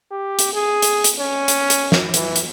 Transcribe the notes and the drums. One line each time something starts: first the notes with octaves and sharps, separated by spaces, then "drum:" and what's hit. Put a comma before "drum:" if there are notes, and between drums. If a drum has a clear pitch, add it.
G4
drum: hi-hat
G#4
drum: hi-hat
drum: hi-hat
C#4
drum: hi-hat
drum: hi-hat
drum: snare
E3, drum: hi-hat
drum: hi-hat